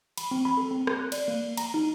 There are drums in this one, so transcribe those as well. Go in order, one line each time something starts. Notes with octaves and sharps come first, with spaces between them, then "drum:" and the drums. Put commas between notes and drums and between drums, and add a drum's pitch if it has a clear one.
B5, drum: cymbal
C4
B5
A4
C4
drum: rim click
F#6
D5, drum: cymbal
A#3
A#5, drum: cymbal
D#4